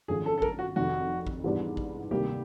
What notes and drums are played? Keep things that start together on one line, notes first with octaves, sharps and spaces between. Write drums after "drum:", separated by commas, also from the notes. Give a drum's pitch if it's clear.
G#1 F#2 D3 F3 A3 G#4
A4
A4
A#4, drum: kick A1
F#4
F1 F2 C3 D#3 F#4
drum: kick A1
G#2 E3 G3 B3 D4
drum: kick A1
D2 C3 D#3 G3 A#3 G4